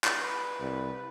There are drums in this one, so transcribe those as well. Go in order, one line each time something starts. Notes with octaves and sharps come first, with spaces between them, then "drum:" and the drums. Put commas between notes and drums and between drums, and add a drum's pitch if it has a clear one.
drum: clap
B4
C2